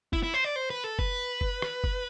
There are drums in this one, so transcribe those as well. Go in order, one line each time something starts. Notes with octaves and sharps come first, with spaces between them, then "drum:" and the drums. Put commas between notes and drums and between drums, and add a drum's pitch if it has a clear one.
E4, drum: kick F#1
E4
C5
D5
C5
B4
A4
B4, drum: kick F#1
drum: kick F#1
drum: rim click
drum: kick F#1